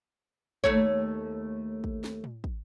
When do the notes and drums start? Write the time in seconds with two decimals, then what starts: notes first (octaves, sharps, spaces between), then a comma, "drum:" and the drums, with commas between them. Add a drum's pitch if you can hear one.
0.64 D#2 A3 C#5, drum: kick
1.84 drum: kick
2.04 drum: snare
2.24 drum: tom A2
2.44 drum: kick